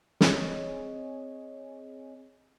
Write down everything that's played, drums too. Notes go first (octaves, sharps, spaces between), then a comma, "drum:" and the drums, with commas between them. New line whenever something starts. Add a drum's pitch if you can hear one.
C4 G#4 C#5 D#5 G#5, drum: snare